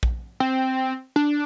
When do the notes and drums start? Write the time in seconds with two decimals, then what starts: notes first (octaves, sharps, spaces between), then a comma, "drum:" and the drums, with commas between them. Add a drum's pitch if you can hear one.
0.03 drum: kick A#1
0.40 C4
1.16 D4